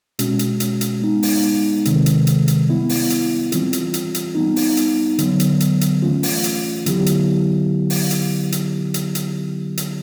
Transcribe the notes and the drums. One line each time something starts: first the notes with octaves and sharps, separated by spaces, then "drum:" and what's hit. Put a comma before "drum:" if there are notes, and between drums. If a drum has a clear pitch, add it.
B2 G#3 C#4 F#4, drum: hi-hat
drum: hi-hat
drum: hi-hat
drum: hi-hat
G#3 B3 D#4
drum: open hi-hat
C3 D#3 G#3 C4, drum: hi-hat
drum: hi-hat
drum: hi-hat
drum: hi-hat
G3 B3 E4
drum: open hi-hat
drum: hi-hat
E3 G3 C4 F4, drum: hi-hat
drum: hi-hat
drum: hi-hat
drum: hi-hat
G3 B3 D#4
drum: open hi-hat
drum: hi-hat
D3 F#3 B3, drum: hi-hat
drum: hi-hat
drum: hi-hat
drum: hi-hat
E3 A3 C#4 F4
drum: open hi-hat
drum: hi-hat
D3 F#3 B3 E4 G4, drum: hi-hat
drum: hi-hat
drum: open hi-hat
drum: hi-hat
drum: hi-hat
drum: hi-hat
drum: hi-hat
drum: hi-hat